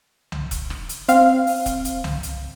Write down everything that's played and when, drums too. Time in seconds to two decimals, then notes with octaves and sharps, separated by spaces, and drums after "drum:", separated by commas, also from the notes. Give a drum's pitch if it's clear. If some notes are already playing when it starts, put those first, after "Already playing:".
0.32 drum: tom C2
0.51 drum: kick E1, hi-hat
0.70 drum: rim click
0.89 drum: hi-hat
1.08 C4 F5, drum: hi-hat
1.47 drum: open hi-hat
1.66 drum: kick E1, hi-hat
1.85 drum: hi-hat
2.04 drum: tom C2
2.23 drum: hi-hat